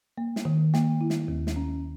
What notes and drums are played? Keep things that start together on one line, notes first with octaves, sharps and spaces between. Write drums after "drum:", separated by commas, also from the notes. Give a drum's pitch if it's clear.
A#3
drum: snare
D#3
A#3, drum: snare
E4
drum: snare
D#2
drum: snare
C#4